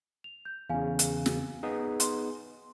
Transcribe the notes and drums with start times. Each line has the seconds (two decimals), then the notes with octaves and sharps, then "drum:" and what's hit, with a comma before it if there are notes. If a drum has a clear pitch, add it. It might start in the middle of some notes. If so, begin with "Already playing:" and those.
0.24 F7
0.45 G6
0.70 E2 C#3 F5 G#5
0.99 drum: hi-hat
1.26 drum: snare
1.63 B3 D#4 G#4
2.00 C6, drum: hi-hat